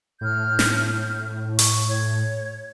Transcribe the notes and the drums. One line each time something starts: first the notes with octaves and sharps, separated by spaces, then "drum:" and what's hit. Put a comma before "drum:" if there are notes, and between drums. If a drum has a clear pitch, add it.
A2 F6 G6
drum: snare
C#6, drum: hi-hat
C#5